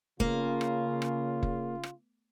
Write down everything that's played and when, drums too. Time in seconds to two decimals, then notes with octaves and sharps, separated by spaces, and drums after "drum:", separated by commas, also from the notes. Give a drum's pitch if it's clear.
0.20 C#3 A#3 F4, drum: kick F#1
0.61 drum: rim click
1.02 drum: rim click
1.43 drum: kick F#1
1.83 drum: rim click